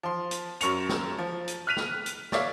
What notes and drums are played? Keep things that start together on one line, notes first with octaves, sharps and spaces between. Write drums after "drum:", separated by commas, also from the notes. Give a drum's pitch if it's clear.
F3 C6
drum: hi-hat
F#2 A#4 C#6 C#7 F7, drum: hi-hat
drum: snare
F3
drum: hi-hat
F6 F#6 B6 D#7 F7
drum: snare
drum: hi-hat
C#5 D5 E5 F5, drum: snare